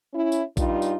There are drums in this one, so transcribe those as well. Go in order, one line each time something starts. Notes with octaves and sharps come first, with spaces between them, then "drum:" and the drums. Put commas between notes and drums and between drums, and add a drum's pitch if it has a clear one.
C#4 E4
drum: tambourine
G2 G3 D#4 F4, drum: kick A#1, tambourine
drum: tambourine